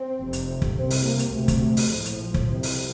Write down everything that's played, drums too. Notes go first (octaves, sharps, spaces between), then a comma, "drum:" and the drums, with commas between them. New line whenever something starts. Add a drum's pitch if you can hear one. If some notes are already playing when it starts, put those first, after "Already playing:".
Already playing: C4
F1 F2 C3
drum: hi-hat
drum: kick
C2 C3 C4
drum: open hi-hat
A#3
drum: hi-hat
D2 C3 A3
drum: kick, hi-hat
drum: open hi-hat
A#1 A2 F3
drum: hi-hat
drum: kick
C2 C3
drum: open hi-hat